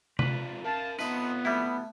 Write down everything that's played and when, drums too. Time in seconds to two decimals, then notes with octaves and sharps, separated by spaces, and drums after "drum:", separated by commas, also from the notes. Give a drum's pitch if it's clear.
0.19 C4 D4 F4 B4, drum: tom C3
0.64 A#4 E5 F5 A5
0.99 B3 C4 D#4 F4 A4 B4 C5 E5
1.45 G3 A3 E4